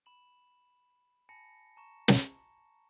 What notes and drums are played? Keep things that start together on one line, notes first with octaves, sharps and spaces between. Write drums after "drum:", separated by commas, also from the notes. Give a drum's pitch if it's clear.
B5 E7 F#7
G#5 A5 B5 A#6 C#7
A5 A#5 C#6 E7
drum: snare